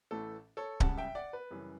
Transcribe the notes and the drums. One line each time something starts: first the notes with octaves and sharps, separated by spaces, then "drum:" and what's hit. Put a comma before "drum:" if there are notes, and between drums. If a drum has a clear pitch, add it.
A1 A2 E3 A3 A4
A4 C#5
C#2 C#3 G3 F#5 A5, drum: kick D1
E5 G5
D5 F#5
B4
F#2 C#3 E3 G3